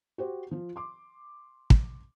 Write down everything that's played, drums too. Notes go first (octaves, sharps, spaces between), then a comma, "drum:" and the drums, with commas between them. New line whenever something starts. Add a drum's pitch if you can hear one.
F#4 G4 C5
F3 F4
C6 D6
drum: kick